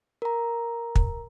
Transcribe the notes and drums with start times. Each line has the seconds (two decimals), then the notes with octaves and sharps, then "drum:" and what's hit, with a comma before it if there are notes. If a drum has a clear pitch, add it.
0.22 A#4 A#5
0.95 drum: kick